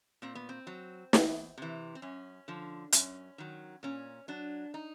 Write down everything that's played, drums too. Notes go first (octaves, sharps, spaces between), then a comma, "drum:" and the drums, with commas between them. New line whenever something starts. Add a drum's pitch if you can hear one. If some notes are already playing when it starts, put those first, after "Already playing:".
A#2 C4
B3
C4
F#3
E2, drum: snare
C3 E3
C4
F#2 C#4
D3 F3
F#2 C#4, drum: hi-hat
D#3 F#3
A#2 C#4
F#3 D4
D#4